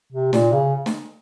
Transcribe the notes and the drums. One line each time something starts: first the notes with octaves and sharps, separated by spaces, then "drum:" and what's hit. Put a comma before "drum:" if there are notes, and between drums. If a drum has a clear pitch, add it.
C3
A#2, drum: snare
C#3
drum: snare